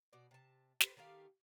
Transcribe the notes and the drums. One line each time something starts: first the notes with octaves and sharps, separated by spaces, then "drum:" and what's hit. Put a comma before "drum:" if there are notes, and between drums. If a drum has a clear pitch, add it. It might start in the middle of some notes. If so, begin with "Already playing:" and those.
B2 D5
C3 A5
G4 A4 B4 C5, drum: snare
D#3 A3 G4 F5